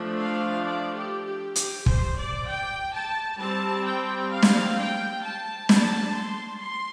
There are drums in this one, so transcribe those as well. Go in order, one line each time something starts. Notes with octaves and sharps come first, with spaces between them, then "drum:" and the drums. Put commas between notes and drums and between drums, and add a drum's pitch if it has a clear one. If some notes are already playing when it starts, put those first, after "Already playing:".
Already playing: F3 A3 D4
F5
D5
G4
G4
G4, drum: hi-hat
C5, drum: kick
D5
G5
A5
G3 C4 A5
G5
F5
drum: snare
G5
A5
A5, drum: snare
C6
C6